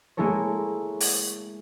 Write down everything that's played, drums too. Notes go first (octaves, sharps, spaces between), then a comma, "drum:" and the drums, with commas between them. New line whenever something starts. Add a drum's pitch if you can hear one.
G#3 A#3 E4 A4 A#4 C#5
drum: open hi-hat